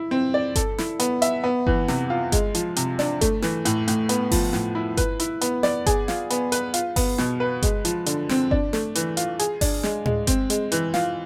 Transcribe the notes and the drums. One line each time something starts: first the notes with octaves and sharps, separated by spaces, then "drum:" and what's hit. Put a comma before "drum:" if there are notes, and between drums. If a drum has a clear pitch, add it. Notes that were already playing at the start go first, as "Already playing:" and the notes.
Already playing: E4
C4
D5
A4, drum: kick G1, hi-hat
E4, drum: snare
B3, drum: hi-hat
E5, drum: hi-hat
B3
E3, drum: kick G1
C3, drum: snare
F4
G#3, drum: kick G1, hi-hat
F3, drum: hi-hat
C3, drum: hi-hat
D4, drum: snare
A3, drum: kick G1, hi-hat
E3, drum: snare
A2, drum: hi-hat
A2, drum: hi-hat
B3, drum: hi-hat
F3, drum: kick G1, open hi-hat
A2, drum: snare
E4
B4, drum: kick G1, hi-hat
E4, drum: hi-hat
B3, drum: hi-hat
D5, drum: snare
G#4, drum: kick G1, hi-hat
F4, drum: snare
B3, drum: hi-hat
B4, drum: hi-hat
F4, drum: hi-hat
B3, drum: kick G1, open hi-hat
B2, drum: snare
B4
G#3, drum: kick G1, hi-hat
F3, drum: hi-hat
D3, drum: hi-hat
C4, drum: snare
D4, drum: kick G1
A3, drum: snare
E3, drum: hi-hat
F4, drum: hi-hat
G#4, drum: hi-hat
D4, drum: kick G1, open hi-hat
G#3, drum: snare
G#3, drum: tom A2
C4, drum: kick G1, hi-hat
G#3, drum: hi-hat
E3, drum: hi-hat
F4, drum: snare